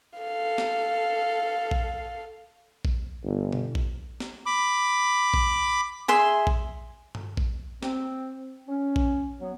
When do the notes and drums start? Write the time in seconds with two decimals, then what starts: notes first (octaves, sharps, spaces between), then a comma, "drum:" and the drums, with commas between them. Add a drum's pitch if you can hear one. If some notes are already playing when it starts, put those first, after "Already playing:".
0.19 A4 F5
0.58 drum: snare
1.71 drum: kick A#1
2.85 drum: kick A#1
3.24 G1
3.53 drum: tom B2
3.75 drum: kick A#1
4.20 drum: snare
4.46 B5 D6
5.34 drum: kick A#1
6.08 G#4 E5 C6
6.47 drum: kick A#1
7.15 drum: tom G2
7.37 drum: kick A#1
7.83 C4, drum: snare
8.68 C#4
8.96 drum: kick A#1
9.41 F#3 B3